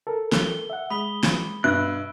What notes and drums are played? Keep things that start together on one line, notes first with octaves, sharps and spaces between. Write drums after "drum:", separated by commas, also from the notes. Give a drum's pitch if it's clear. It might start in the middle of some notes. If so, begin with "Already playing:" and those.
A4 A#4
G7, drum: snare
E5 F#5
G#3 B5 D#6 B6 G7
drum: snare
G2 B2 B4 E5 E6 F#6 D7